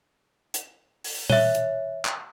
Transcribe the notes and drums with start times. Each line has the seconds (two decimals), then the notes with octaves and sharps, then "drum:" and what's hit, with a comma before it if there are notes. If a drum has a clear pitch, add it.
0.54 drum: hi-hat
1.04 drum: open hi-hat
1.30 C#5 E5, drum: tom A#2
1.55 drum: hi-hat
2.05 drum: clap